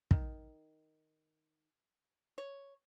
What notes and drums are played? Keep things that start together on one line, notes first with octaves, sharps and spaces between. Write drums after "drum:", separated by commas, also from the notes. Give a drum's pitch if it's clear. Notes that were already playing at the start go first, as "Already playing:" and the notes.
D#3, drum: kick
C#5